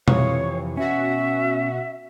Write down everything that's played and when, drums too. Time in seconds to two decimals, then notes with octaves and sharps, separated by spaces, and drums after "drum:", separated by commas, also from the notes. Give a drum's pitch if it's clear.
0.08 F2 C3 E3 C#5 F5 C#6 D#6, drum: tom B2
0.77 B2 C#4 F#4 E5